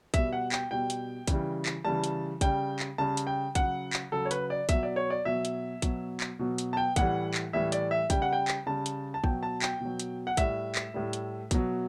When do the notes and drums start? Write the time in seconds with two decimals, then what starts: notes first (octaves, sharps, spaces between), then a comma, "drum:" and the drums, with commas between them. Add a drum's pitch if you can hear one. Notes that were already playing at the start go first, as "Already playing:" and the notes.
0.14 B2 G3 E5, drum: kick, hi-hat
0.33 F#5
0.52 G5, drum: clap
0.71 B2 G3 G5
0.90 drum: hi-hat
1.28 C#3 E3 G3, drum: kick, hi-hat
1.66 drum: clap
1.85 C#3 E3 G3 A5
2.04 drum: hi-hat
2.41 C#3 G3 G5, drum: kick, hi-hat
2.79 drum: clap
2.98 C#3 G3 A5
3.17 drum: hi-hat
3.27 G5
3.55 C#3 F#3 F#5, drum: kick, hi-hat
3.93 drum: clap
4.12 C#3 F#3 A4
4.25 C#5
4.31 B4, drum: hi-hat
4.50 D5
4.69 B2 F#3 E5, drum: kick, hi-hat
4.83 D5
4.96 C#5
5.10 D5
5.25 B2 F#3 E5
5.45 drum: hi-hat
5.82 B2 F#3, drum: kick, hi-hat
6.21 drum: clap
6.39 B2 F#3
6.58 drum: hi-hat
6.73 A5
6.77 G5
6.96 A2 E3 G3 F#5, drum: kick, hi-hat
7.34 drum: clap
7.53 A2 E3 G3 E5
7.72 D5, drum: hi-hat
7.91 E5
8.10 C#3 G3 G5, drum: kick, hi-hat
8.22 F#5
8.33 G5
8.48 drum: clap
8.66 C#3 G3 A5
8.86 drum: hi-hat
9.14 A5
9.24 B2 F#3 G5, drum: kick
9.43 A5
9.62 G5, drum: clap
9.81 B2 F#3
10.00 drum: hi-hat
10.27 F#5
10.37 A2 G3 E5, drum: kick, hi-hat
10.75 drum: clap
10.94 A2 G3
11.13 drum: hi-hat
11.51 B2 F#3, drum: kick, hi-hat